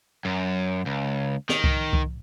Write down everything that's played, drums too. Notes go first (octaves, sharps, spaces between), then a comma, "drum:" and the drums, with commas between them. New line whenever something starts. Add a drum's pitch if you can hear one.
F#2
C#2
D#3, drum: snare
drum: kick C2
drum: kick C2